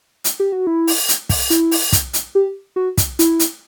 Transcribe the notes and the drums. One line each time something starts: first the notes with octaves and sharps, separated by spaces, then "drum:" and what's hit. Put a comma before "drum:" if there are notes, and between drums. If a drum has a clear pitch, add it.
drum: hi-hat
G4
F#4
E4
drum: open hi-hat
drum: hi-hat
drum: kick, open hi-hat
E4, drum: hi-hat
drum: open hi-hat
drum: kick, hi-hat
drum: hi-hat
G4
F#4
drum: kick, hi-hat
E4, drum: hi-hat
drum: hi-hat